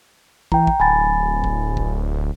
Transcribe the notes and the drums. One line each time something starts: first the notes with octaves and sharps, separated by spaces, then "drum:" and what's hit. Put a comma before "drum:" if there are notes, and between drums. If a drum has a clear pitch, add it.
E3 G5 A#5, drum: kick
drum: kick
D1 G#5 B5 A6
drum: kick
drum: kick